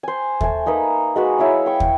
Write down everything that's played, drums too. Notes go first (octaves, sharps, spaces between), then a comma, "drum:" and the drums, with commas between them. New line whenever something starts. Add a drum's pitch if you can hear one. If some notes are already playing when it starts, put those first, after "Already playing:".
C5 G#5
A3 G#5, drum: kick
A#3 D#4 B4 D#5
G#3 F#4 B4
E4 C#5 E5 F5
G5 C#6
drum: kick